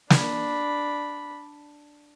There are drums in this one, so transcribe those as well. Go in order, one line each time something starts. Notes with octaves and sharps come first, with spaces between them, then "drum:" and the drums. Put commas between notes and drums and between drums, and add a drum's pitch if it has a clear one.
D4 B5, drum: snare